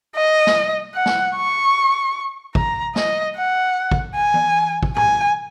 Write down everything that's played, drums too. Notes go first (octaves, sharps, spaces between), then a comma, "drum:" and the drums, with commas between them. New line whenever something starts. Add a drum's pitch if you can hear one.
D#5
drum: snare
F#5
drum: snare
C#6
A#5, drum: kick
D#5, drum: snare
F#5
drum: kick
G#5
drum: tom E3
drum: kick
G#5, drum: tom G#2